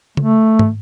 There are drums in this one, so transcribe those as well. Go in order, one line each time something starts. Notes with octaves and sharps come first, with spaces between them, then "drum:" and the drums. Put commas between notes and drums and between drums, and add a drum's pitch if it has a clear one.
A3, drum: tom C#3
drum: tom